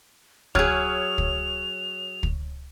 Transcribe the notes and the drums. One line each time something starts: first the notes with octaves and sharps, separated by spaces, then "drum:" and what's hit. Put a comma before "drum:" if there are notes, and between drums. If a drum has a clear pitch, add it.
F#3 G#4 C#5 F6 G#6 F7, drum: kick
drum: kick
drum: kick